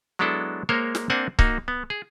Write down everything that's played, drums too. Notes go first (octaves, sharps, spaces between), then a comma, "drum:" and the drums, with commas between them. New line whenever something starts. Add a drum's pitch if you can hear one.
F#3 G#3 B3 D4 E4 A4
G#3 A#3 A#4 C5 C#5
drum: snare
A#3 C4 D4 C5 F#5 G#5
A#3 D#4 F#4, drum: kick C#1
B3
G#4